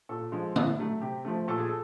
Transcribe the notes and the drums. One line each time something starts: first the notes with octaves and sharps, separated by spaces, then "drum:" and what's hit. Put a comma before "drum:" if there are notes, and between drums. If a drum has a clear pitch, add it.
A#2 A4
F3 G#3
A2, drum: tom
F#3 A3
C3 G4
F3 A3
A#2 A4
G#4
A4